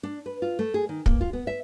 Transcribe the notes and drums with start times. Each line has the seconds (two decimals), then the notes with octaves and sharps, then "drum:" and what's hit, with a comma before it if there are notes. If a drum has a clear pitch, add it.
0.03 D4
0.26 B4
0.42 F4
0.59 A3
0.74 G#4
0.89 D#3
1.06 A#3, drum: kick
1.21 F4
1.33 B3
1.47 E5